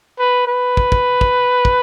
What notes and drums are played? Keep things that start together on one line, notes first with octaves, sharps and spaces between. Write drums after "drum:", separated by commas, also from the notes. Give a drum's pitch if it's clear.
B4
B4
drum: kick
drum: kick
drum: kick
drum: kick